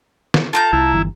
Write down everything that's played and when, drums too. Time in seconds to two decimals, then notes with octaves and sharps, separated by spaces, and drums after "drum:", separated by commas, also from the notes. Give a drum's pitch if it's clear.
0.34 drum: snare
0.53 F4 A4 A5 A#5 G6
0.73 C2 E4
0.93 G1 E3